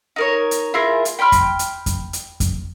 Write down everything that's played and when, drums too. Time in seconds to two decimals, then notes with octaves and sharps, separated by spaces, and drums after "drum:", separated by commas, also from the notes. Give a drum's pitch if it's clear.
0.16 D#4 A#4 C#5
0.51 drum: hi-hat
0.74 E4 F4 G#4 A#4
1.05 drum: hi-hat
1.19 G5 B5 C6 F6
1.32 drum: kick F2, hi-hat
1.59 drum: hi-hat
1.86 drum: kick F2, hi-hat
2.13 drum: hi-hat
2.40 drum: kick F2, hi-hat